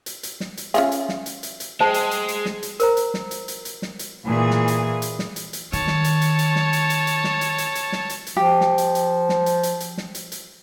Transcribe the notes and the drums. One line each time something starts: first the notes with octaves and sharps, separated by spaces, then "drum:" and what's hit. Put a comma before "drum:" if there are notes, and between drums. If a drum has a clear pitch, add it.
drum: hi-hat
drum: hi-hat
drum: snare
drum: hi-hat
C#4 F4 G#4 E5, drum: hi-hat
drum: hi-hat
drum: snare
drum: hi-hat
drum: hi-hat
drum: hi-hat
G#3 C5 G5 A5
drum: hi-hat
drum: hi-hat
drum: hi-hat
drum: snare
drum: hi-hat
A#4 C5 A#5, drum: hi-hat
drum: hi-hat
drum: snare
drum: hi-hat
drum: hi-hat
drum: hi-hat
drum: snare
drum: hi-hat
A#2 E3 G#4
drum: snare
drum: hi-hat
drum: hi-hat
drum: snare
drum: hi-hat
drum: hi-hat
D#3 C#5 A5, drum: hi-hat
drum: snare
drum: hi-hat
drum: hi-hat
drum: hi-hat
drum: snare
drum: hi-hat
drum: hi-hat
drum: hi-hat
drum: snare
drum: hi-hat
drum: hi-hat
drum: hi-hat
drum: snare
drum: hi-hat
drum: hi-hat
F3 G4
drum: snare
drum: hi-hat
drum: hi-hat
drum: snare
drum: hi-hat
drum: hi-hat
drum: hi-hat
drum: snare
drum: hi-hat
drum: hi-hat